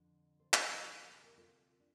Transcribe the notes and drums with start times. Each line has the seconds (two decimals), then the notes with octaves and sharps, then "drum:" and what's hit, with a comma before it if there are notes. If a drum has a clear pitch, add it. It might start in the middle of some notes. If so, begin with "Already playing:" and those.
Already playing: F2 D3 F3
0.39 A4 C5
0.53 G4 A#4, drum: clap
0.67 D2 C3 F3 A4 C5
0.81 G4 A#4
1.09 A4 C5
1.24 G4 A#4
1.38 F4 A4
1.80 D4